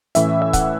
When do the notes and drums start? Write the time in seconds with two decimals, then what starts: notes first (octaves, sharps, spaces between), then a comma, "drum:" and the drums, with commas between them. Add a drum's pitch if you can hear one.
0.15 A2 E3 C#4 E4 E5, drum: hi-hat
0.42 E5
0.53 F#5, drum: kick C#1, hi-hat